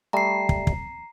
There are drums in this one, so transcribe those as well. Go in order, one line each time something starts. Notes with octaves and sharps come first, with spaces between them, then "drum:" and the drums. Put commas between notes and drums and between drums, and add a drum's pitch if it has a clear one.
G3 A3 A#5 C7
drum: kick
drum: kick